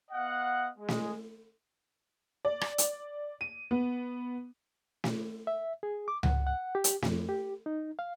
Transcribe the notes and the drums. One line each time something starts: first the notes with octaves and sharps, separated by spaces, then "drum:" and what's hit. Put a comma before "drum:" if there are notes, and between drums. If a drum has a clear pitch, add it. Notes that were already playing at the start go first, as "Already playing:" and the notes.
B3 D#5 F5 F#5
G#3
drum: snare
D5
drum: rim click
drum: hi-hat
D#7
B3
drum: snare
E5
G#4
D6
F#5, drum: tom C#2
F#5
G4
drum: hi-hat
F2, drum: snare
G4
D#4
F5